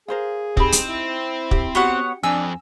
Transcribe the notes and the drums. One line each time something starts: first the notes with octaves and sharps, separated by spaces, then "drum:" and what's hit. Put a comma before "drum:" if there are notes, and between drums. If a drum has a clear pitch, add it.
G#4 A#4 C5 F5
C4 D#4 G4 B5, drum: kick
drum: hi-hat
E4
G4, drum: kick
B3 F#4 G4 C#5 F#5
F2 D4 G#5 E6